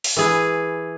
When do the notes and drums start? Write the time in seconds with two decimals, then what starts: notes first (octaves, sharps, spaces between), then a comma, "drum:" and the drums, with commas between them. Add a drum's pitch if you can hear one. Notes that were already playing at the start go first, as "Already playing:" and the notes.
0.04 drum: open hi-hat
0.17 E3 G#4 B4